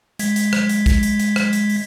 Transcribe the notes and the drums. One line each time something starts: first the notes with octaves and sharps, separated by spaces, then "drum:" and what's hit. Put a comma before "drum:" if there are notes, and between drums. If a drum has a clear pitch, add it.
G#3 G#6 B6, drum: hi-hat
drum: hi-hat
drum: rim click
drum: hi-hat
drum: kick, hi-hat
drum: hi-hat
drum: hi-hat
drum: rim click
drum: hi-hat
drum: open hi-hat